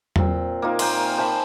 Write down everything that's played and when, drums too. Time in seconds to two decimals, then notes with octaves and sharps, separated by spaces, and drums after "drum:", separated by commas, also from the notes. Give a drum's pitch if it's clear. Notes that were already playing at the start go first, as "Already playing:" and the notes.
0.16 A#2 C4, drum: tom E2
0.62 A#3 D#4 F4
0.79 G5 G#5 C6, drum: cymbal
1.18 C5 G#5 A5 B5